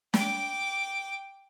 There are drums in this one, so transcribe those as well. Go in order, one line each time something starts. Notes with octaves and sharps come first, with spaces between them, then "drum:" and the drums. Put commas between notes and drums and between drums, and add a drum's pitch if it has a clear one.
G5 D6, drum: snare